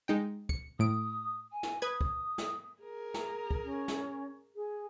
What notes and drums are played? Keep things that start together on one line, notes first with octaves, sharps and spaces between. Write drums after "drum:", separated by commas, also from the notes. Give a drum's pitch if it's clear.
G#3 D#4 G5
C#7, drum: kick
A2 D#6 D7
G#5
drum: snare
B4 D#6 G#6
drum: kick
drum: snare
G#4 A#4
A#5, drum: snare
drum: kick
C#4
drum: snare
G#4